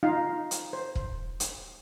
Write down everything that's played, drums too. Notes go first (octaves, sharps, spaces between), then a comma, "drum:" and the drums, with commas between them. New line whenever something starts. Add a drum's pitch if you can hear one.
D#4 F4 F5
drum: hi-hat
C5
drum: kick
drum: hi-hat